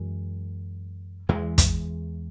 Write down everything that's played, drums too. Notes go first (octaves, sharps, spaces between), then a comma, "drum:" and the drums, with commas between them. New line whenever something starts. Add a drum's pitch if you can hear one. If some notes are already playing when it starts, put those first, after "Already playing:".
Already playing: F#2 E3 G#3
E2 E3 G#3
drum: kick, hi-hat